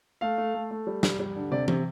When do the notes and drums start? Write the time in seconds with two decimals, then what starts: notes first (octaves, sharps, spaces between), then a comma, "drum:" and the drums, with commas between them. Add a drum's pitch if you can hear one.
0.21 A3 F5
0.38 A3
0.54 A3
0.71 A3
0.87 G3
1.03 G3, drum: snare
1.19 G3
1.36 D3
1.51 C3 D5
1.68 C3, drum: tom E3